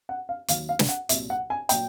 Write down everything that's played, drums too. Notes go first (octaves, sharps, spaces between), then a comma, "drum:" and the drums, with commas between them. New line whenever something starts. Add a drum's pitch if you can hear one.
F#5
F5
D#2 D#3 F#3 F5, drum: hi-hat
F5
drum: snare
F#5
C2 A#2 F#3 E5, drum: hi-hat
F#5
G#5
A#2 F#3 G5, drum: hi-hat